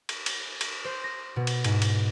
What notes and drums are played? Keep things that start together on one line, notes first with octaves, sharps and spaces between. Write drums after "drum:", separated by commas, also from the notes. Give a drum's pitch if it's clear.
drum: cymbal
drum: cymbal
drum: cymbal
C5
A#6
B2
drum: cymbal
G#2, drum: cymbal
drum: cymbal